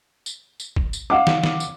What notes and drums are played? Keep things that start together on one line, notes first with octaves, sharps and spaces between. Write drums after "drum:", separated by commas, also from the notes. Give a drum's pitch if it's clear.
drum: tambourine
drum: tambourine
drum: kick
drum: tambourine
F5 F#5 D6
drum: snare
drum: snare
drum: tambourine